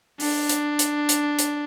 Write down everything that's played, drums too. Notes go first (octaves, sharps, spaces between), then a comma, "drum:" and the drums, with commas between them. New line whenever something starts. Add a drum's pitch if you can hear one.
D4, drum: open hi-hat
drum: hi-hat
drum: hi-hat
drum: hi-hat
drum: hi-hat